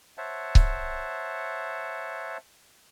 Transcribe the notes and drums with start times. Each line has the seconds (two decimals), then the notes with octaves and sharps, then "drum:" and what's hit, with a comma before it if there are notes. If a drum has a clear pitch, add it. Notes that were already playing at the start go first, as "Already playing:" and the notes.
0.18 C5 C#5 E5 F#5 A5
0.55 drum: kick C#1